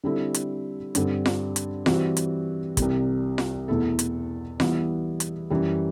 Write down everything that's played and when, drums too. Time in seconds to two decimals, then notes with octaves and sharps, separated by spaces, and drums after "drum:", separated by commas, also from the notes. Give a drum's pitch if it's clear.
0.04 D3 G3 C4 E4 A4
0.34 drum: hi-hat
0.95 G2 D3 G3 C4, drum: hi-hat
1.26 drum: snare F4
1.56 drum: hi-hat
1.86 E3 G3 C4 F#4, drum: snare F4
2.17 drum: hi-hat
2.77 C2 C3 G3, drum: kick, hi-hat
3.38 drum: snare F4
3.68 E2 B2 A3 E4 A4
3.99 drum: hi-hat
4.60 E3 G3 B3 E4, drum: snare F4
5.20 drum: hi-hat
5.50 F#2 E3 G3